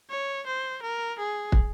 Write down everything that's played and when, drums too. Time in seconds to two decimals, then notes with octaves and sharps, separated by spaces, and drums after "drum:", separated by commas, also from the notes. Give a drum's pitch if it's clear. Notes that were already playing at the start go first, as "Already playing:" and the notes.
0.10 C#5
0.47 C5
0.82 A#4
1.19 G#4
1.52 drum: kick